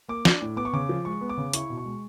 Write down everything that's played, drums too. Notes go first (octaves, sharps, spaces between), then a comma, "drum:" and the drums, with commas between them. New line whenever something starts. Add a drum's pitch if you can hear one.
A#3 D6
D4, drum: snare
A2
B3 D6
C#6
C#3 D6
F3
G#3 C#6
B3
D6
C#3
E4 C#6, drum: hi-hat
B2
C#6
G#3